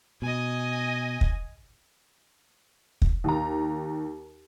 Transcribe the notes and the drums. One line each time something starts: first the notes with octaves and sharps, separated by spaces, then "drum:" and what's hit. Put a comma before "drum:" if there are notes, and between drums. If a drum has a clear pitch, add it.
B2 D#5 G#5
drum: kick
drum: kick
D#2 A#5